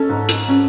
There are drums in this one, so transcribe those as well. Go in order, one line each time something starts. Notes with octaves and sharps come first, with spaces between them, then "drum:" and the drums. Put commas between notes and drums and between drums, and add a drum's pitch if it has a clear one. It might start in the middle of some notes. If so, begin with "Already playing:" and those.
Already playing: C#4 A4
G#2
drum: hi-hat
C#4